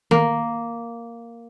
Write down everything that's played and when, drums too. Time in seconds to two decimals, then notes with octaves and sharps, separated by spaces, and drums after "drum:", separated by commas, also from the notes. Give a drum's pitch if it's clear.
0.11 A#3, drum: tom D#3